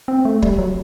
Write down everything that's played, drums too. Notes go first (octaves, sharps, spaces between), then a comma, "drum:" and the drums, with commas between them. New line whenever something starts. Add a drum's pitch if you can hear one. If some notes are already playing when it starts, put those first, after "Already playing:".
C4
A3
G3, drum: kick
F#3